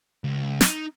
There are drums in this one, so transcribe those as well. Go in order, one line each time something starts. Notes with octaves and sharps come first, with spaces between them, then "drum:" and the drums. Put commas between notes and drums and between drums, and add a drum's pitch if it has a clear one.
C#2
D#4, drum: snare